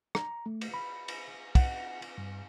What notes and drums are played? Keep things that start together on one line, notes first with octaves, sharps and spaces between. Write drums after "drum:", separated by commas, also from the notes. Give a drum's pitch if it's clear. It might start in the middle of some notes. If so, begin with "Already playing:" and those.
A#5, drum: rim click
A3
drum: cymbal
B5
drum: cymbal
F#5, drum: kick, cymbal
drum: cymbal
G2